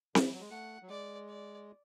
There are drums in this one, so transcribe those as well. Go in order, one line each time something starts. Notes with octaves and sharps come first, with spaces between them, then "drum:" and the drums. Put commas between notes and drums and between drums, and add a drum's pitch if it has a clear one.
D3, drum: snare C4
E3
F#3
G#3
A3 F#5
F#3
G#3 D5
D5